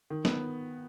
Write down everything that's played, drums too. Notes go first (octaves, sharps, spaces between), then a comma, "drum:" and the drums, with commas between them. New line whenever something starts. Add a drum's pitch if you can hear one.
D#3
B3, drum: snare